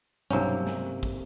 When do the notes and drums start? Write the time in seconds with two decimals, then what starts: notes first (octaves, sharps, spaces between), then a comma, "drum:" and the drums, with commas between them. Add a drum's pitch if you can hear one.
0.31 B1 G2 C3 A#3 C#4 G5, drum: hi-hat
0.67 drum: snare
1.03 drum: kick, hi-hat